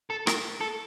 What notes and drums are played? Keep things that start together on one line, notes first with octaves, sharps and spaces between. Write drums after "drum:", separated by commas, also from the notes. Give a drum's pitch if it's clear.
A4
A#4, drum: rim click
A4